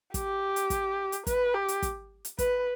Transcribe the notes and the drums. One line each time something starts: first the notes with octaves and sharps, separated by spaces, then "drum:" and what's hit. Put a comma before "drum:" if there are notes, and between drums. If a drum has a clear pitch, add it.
G4, drum: kick, hi-hat
drum: hi-hat
drum: kick, hi-hat
drum: hi-hat
B4, drum: kick, hi-hat
G4
drum: hi-hat
drum: kick, hi-hat
drum: hi-hat
B4, drum: kick, hi-hat